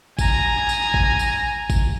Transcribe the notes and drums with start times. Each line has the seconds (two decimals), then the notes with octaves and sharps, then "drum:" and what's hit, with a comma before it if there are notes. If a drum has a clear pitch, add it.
0.19 G#5 A#5, drum: kick G#1, tambourine
0.69 drum: tambourine
0.94 drum: kick G#1
1.19 drum: tambourine
1.70 drum: kick G#1, tambourine